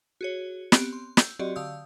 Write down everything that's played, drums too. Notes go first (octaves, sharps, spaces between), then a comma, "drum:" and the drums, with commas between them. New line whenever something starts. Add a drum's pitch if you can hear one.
F#4 G#4 C#5
B3 C4 G4, drum: snare
C6
E6 G6, drum: snare
F#3 C4 F#4 G4 D5 D#5
D3 F5 D#6 E6 G6